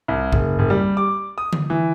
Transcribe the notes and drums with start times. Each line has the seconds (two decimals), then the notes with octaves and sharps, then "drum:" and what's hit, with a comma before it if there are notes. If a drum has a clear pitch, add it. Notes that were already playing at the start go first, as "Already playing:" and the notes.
0.08 C2
0.33 F#1, drum: kick
0.59 F#1
0.70 G3
0.97 D6
1.38 D#6
1.53 drum: tom D3
1.70 E3